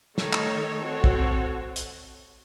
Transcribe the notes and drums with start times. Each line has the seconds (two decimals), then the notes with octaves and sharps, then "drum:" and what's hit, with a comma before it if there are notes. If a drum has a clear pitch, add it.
0.18 D#3 A3 D#4 A4 C#5, drum: snare
0.33 drum: clap
0.82 C4 F#4 A4 C#5
1.04 drum: kick
1.76 drum: hi-hat